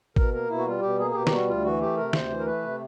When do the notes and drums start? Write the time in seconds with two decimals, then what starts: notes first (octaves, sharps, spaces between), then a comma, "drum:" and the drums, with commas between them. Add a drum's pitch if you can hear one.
0.16 B2 A#4, drum: kick
0.33 A#3 A#4
0.50 B2 E4
0.58 F#4
0.66 G3 F4
0.82 B2 G4
0.99 A#3 G#4
1.11 G#4
1.15 B2 G4
1.27 G4, drum: snare
1.31 G3 F#4
1.48 D2 F4
1.65 E3 F#4
1.81 A3 G4
1.97 C3 A#4
2.13 D2 C5, drum: snare
2.30 E3
2.40 A#4
2.46 A3 B4
2.62 C3